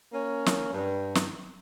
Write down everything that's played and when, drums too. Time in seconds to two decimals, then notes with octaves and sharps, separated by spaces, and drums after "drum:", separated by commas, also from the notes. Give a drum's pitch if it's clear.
0.12 A#3 C#4
0.46 drum: snare
0.73 G2
1.15 drum: snare